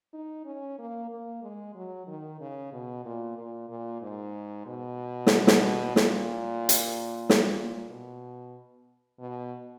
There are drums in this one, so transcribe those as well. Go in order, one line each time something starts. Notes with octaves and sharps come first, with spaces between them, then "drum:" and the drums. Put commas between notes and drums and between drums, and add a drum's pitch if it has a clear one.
D#4
C#4
A#3
A#3
G#3
F#3
D#3
C#3
B2
A#2
A#2
A#2
G#2
B2
drum: snare
drum: snare
A#2, drum: snare
drum: hi-hat
drum: snare
B2
B2